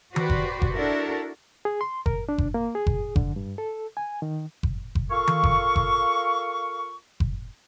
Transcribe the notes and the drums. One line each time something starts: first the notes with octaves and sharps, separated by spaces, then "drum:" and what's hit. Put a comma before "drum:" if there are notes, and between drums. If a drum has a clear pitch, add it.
F#4 G4 B4 C5 D5, drum: tom D#3
drum: kick F#1
drum: kick F#1
D4 E4 F#4 A4 A#4
G#4
C6
A#4, drum: kick F#1
D4
drum: kick F#1
A#3
G#4
drum: kick F#1
D3, drum: kick F#1
G2
A4
G#5
D#3
drum: kick F#1
drum: kick F#1
F4 A4 A#4 F5 C#6
drum: tom D#3
drum: kick F#1
drum: kick F#1
drum: kick F#1